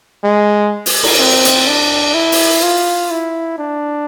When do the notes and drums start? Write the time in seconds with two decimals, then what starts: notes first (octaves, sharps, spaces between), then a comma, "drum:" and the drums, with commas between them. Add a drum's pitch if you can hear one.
0.24 G#3
0.86 drum: open hi-hat
1.03 drum: cymbal
1.19 C4
1.45 drum: hi-hat
1.67 D4
2.14 E4
2.32 drum: open hi-hat
2.62 F4
3.10 E4
3.58 D4